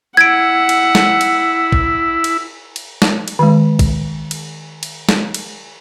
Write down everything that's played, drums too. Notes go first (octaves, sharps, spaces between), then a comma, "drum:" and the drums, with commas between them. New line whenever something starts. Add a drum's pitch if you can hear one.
E4 F#5 G#6 D7
drum: cymbal
drum: snare
drum: cymbal
drum: kick
drum: cymbal
drum: cymbal
drum: snare
drum: cymbal
D#3 G#3
drum: kick, cymbal
drum: cymbal
drum: cymbal
drum: snare
drum: cymbal